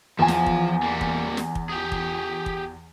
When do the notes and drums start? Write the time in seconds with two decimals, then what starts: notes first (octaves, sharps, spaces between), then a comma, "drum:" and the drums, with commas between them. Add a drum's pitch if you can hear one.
0.19 E2 F3 G#5 A5
0.28 drum: snare
0.46 drum: kick
0.83 G3 A#3
1.01 drum: kick
1.37 drum: snare
1.55 drum: kick
1.70 G4 G#4
1.92 drum: kick
2.46 drum: kick